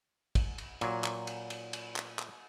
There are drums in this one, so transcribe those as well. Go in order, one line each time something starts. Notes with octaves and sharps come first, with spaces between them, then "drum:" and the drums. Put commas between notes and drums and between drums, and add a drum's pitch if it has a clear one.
drum: kick, cymbal
drum: cymbal
A#2 F#3, drum: cymbal
drum: clap
drum: cymbal
drum: cymbal
drum: cymbal
drum: clap
drum: clap